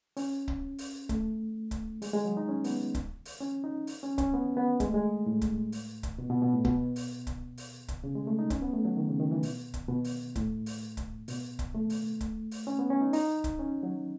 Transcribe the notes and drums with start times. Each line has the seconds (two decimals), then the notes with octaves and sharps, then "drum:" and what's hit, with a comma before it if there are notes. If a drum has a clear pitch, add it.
0.17 C#4, drum: open hi-hat
0.48 drum: kick C#1
0.78 drum: open hi-hat
1.09 A3, drum: kick C#1, hi-hat
1.71 drum: kick C#1, hi-hat
2.02 G#3, drum: open hi-hat
2.13 G#3
2.25 F#3
2.37 D#4
2.48 C#4
2.64 B3, drum: open hi-hat
2.95 drum: kick C#1, hi-hat
3.25 drum: open hi-hat
3.40 C#4
3.64 D#4
3.87 drum: open hi-hat
4.03 C#4
4.18 C#4, drum: kick C#1, hi-hat
4.33 B3
4.57 B3
4.80 G#3, drum: kick C#1, hi-hat
4.87 A3
4.94 G#3
5.26 A2
5.41 drum: kick C#1, hi-hat
5.72 drum: open hi-hat
6.03 drum: kick C#1, hi-hat
6.18 B2
6.30 B2
6.42 B2
6.53 A2
6.65 B2, drum: kick C#1
6.96 drum: open hi-hat
7.27 drum: kick C#1, hi-hat
7.58 drum: open hi-hat
7.88 drum: kick C#1, hi-hat
8.04 C#3
8.15 G#3
8.27 A3
8.39 D#4
8.50 C#4, drum: kick C#1, hi-hat
8.62 B3
8.73 A3
8.85 F#3
8.97 D#3
9.08 C#3
9.20 D#3
9.31 E3
9.43 B2, drum: open hi-hat
9.74 drum: kick C#1, hi-hat
9.89 B2
10.04 drum: open hi-hat
10.36 A2, drum: kick C#1, hi-hat
10.66 drum: open hi-hat
10.97 drum: kick C#1, hi-hat
11.28 B2, drum: open hi-hat
11.59 drum: kick C#1, hi-hat
11.75 A3
11.90 drum: open hi-hat
12.21 drum: kick C#1, hi-hat
12.51 drum: open hi-hat
12.67 C#4
12.79 B3
12.90 C#4
13.01 D#4
13.13 D#4, drum: open hi-hat
13.44 drum: kick C#1, hi-hat
13.59 C#4
13.83 F#3